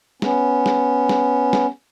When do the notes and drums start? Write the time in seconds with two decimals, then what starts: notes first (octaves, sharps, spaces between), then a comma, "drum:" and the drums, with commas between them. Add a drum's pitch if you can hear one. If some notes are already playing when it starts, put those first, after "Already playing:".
0.22 B3 C#4, drum: snare
0.66 drum: snare
1.09 drum: snare
1.53 drum: snare